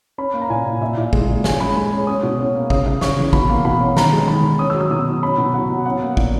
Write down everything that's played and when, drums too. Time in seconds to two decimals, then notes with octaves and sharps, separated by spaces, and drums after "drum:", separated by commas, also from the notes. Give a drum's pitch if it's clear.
0.18 C#4 B5
0.34 A#3
0.42 A#5
0.50 A#2 G#5
0.66 A#2
0.81 A#2 E5
0.98 A#2
1.13 G#3, drum: kick
1.29 A#2
1.44 G#3 G#5, drum: snare
1.60 C#4 B5
1.76 G#3 B5
1.92 C#4
2.07 C#4 D#6
2.23 B2
2.39 C#4
2.55 A#3
2.70 C#3 D#6, drum: kick
2.86 C#3
3.01 C#3 C#6, drum: snare
3.18 E3
3.33 B2 B5, drum: kick
3.49 A#3
3.65 B2 B5
3.81 C#4
3.97 D#3 A#5, drum: snare
4.13 G#3
4.28 D#3 B5
4.44 D#3
4.59 C#4 D#6
4.70 E6
4.75 F#3
4.80 E6
4.91 B2 D#6
5.06 F#3
5.23 C#4 B5
5.38 B2
5.54 F#3 F#5
5.70 B2
5.86 C#4 F#5
6.01 A#3
6.17 A#2, drum: kick